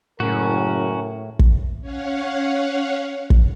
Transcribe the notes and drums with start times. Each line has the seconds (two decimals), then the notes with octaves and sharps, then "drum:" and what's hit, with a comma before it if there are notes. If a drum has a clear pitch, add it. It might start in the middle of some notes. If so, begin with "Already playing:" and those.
0.20 F#1 A2 C#4 F#4 A#4
1.39 drum: kick
1.81 C#4 C#5 F5 F#5
3.30 drum: kick